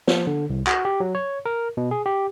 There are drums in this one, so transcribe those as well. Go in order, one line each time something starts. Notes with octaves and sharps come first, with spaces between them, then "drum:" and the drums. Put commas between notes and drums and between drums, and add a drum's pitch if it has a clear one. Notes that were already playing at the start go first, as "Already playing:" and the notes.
F3, drum: snare
D3
C2
F#4, drum: clap
G4
F#3
C#5
A#4
B2
G#4
G4